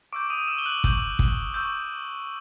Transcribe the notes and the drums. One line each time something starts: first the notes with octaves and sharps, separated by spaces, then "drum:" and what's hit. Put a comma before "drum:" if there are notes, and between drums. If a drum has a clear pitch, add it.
C#6 D6 E6 G6 D7
D#6 D#7
E6 E7
G7
F#6 F#7
C#6 E6 G6, drum: kick
drum: kick
C#6 E6 G6